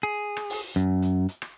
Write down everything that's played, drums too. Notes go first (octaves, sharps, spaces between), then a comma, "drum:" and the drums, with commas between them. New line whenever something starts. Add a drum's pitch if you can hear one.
G#4
drum: rim click
drum: open hi-hat
F#2
drum: hi-hat
drum: hi-hat
drum: rim click